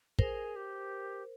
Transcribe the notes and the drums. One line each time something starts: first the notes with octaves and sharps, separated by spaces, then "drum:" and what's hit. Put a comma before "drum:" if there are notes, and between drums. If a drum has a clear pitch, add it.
G#4 A#4 C5, drum: kick
G4